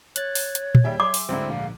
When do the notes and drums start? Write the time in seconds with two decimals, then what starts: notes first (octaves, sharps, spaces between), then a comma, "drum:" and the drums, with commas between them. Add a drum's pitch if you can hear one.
0.16 C#5 F#6 A6, drum: hi-hat
0.35 drum: open hi-hat
0.55 drum: hi-hat
0.75 drum: tom
0.84 D#2 G3 G#4 E5 G5
1.00 C6 D6
1.14 drum: open hi-hat
1.29 D2 G#2 D3 C4 E4
1.49 A#1 F5